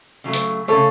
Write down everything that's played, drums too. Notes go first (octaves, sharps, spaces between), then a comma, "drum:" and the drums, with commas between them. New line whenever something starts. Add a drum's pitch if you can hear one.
C#3 F#3 A3
drum: hi-hat
C#3 F#3 A3 A4 C#5